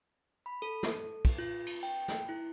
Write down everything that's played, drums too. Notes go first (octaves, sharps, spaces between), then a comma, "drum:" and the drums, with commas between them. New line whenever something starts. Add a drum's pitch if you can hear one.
B5
A4
drum: snare
drum: kick, cymbal
F4
drum: cymbal
G5
drum: snare
E4